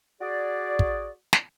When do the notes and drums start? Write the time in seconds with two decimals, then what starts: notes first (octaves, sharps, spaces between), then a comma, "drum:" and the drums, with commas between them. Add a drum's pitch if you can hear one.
0.21 F#4 G#4 D5
0.79 drum: kick
1.33 drum: snare